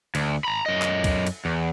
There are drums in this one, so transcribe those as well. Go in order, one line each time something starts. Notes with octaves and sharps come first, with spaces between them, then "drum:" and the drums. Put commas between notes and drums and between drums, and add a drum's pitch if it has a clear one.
D2, drum: cymbal
A#5 B5
F#2 D#5
drum: clap
drum: kick C#2, cymbal
drum: cymbal
E2